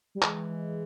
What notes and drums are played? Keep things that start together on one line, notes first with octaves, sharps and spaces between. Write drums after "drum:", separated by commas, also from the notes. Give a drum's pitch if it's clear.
G3
E3 G#3, drum: clap